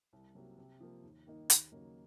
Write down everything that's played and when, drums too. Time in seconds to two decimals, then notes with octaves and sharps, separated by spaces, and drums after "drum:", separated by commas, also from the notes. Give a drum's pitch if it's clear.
0.13 C2
0.35 C3 F#3 A#3
0.58 C3
0.80 F3 A#3
1.03 D#2
1.27 D#3 A#3 D#4
1.50 D#2, drum: hi-hat
1.72 C#3 F#3 A#3 D#4